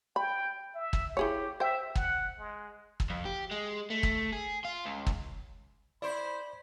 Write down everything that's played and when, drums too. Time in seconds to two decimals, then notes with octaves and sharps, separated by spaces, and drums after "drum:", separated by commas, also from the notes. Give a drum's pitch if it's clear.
0.16 G5 B5
0.74 E5
0.93 drum: kick
1.17 E4 G4 G#4 C#5
1.60 C5 E5 G5
1.95 F#5, drum: kick
2.39 G#3
3.00 drum: kick
3.10 F2
3.26 G4
3.51 G#3
3.90 A3
4.03 drum: kick
4.32 G#4
4.65 F4
4.86 C#2
5.07 drum: kick
6.02 E4 C5 D5 B5